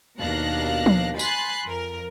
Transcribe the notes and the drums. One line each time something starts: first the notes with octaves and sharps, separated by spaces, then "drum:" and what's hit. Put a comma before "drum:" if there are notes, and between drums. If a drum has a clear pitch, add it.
D#2 B2 D4 F5 F#6 A#6
drum: tom F3
G#5 B5 C6 F#6 A6 C7, drum: tambourine
F2 A#4